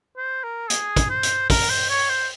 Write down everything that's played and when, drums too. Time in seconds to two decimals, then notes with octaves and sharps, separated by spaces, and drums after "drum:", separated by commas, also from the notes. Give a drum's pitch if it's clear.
0.17 C5
0.44 A#4
0.70 G#4, drum: hi-hat
0.96 drum: kick, hi-hat
1.10 C5
1.23 drum: hi-hat
1.50 A#4, drum: kick, open hi-hat
1.70 C5
1.90 C#5
2.10 C5